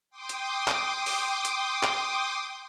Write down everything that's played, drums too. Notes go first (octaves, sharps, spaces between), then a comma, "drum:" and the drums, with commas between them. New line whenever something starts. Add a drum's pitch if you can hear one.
G5 C6 D6 D#6
drum: hi-hat
drum: clap
drum: open hi-hat
drum: hi-hat
drum: clap